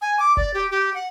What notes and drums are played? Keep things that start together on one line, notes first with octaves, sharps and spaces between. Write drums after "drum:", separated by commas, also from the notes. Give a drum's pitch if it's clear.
G#5
D6
D5, drum: kick F#1
G4
G4
F#5